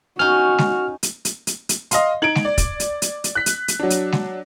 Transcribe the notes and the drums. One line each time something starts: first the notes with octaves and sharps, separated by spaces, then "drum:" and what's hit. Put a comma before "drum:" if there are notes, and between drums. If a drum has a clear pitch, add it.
C#4 D#4 F#4 F6
drum: snare G#3
drum: hi-hat
drum: hi-hat
drum: hi-hat
drum: hi-hat
D#5 F5 C6, drum: hi-hat
D#4 G#6 D7 F#7
drum: snare G#3
D5
drum: kick, hi-hat
drum: hi-hat
drum: hi-hat
drum: hi-hat
F#6 B6
drum: hi-hat
drum: hi-hat
F#3 D4
drum: hi-hat
drum: snare G#3